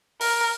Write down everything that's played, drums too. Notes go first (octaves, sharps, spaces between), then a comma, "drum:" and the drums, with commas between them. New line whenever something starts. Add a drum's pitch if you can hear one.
A#4, drum: open hi-hat